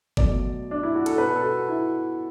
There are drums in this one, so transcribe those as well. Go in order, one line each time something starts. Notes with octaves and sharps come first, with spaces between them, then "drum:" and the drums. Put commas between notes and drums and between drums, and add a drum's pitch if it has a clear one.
B2 F#3 A3 D5, drum: kick G1
D4
E4
F#4
A4, drum: cymbal
B2 B3 B4
A4
F#4
E4